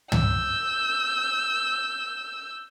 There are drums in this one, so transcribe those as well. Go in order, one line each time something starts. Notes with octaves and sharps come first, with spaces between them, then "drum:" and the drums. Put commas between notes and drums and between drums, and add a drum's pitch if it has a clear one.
E6 G6, drum: tom